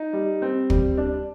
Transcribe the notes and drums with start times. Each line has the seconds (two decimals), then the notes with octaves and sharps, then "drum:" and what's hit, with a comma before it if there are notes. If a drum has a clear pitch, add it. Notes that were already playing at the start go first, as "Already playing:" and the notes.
Already playing: D#4
0.13 G3
0.42 C4
0.70 G3, drum: kick
0.98 D4